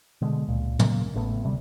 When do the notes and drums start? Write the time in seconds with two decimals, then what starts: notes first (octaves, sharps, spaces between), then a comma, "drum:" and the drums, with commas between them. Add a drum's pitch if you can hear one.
0.21 B2 D3 G#3
0.48 C#2 A#2
0.79 A#2 C#3 A#3, drum: tom
1.14 A1 C#3 A3 B3
1.44 D2 C3 G3